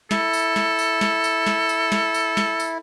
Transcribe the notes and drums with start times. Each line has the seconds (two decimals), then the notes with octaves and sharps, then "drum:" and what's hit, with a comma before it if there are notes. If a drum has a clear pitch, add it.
0.11 E4 A4, drum: snare
0.33 drum: tambourine
0.56 drum: snare
0.79 drum: tambourine
1.01 drum: snare
1.24 drum: tambourine
1.47 drum: snare
1.69 drum: tambourine
1.92 drum: snare
2.14 drum: tambourine
2.37 drum: snare
2.60 drum: tambourine